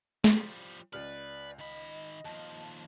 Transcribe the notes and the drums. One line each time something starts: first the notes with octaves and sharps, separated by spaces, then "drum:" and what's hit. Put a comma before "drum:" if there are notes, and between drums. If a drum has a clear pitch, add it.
F3 G3, drum: snare
C#2 B4 D5 F6
D#3 D#5 B5
D#2 F3 A5